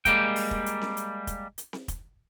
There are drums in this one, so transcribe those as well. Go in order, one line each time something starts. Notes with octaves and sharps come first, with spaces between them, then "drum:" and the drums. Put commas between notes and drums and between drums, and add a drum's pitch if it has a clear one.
G3 G#3 A#3 G5, drum: kick, hi-hat
drum: open hi-hat
drum: kick
drum: hi-hat
drum: snare C4
drum: hi-hat
drum: kick, hi-hat
drum: hi-hat
drum: snare C4
drum: kick, hi-hat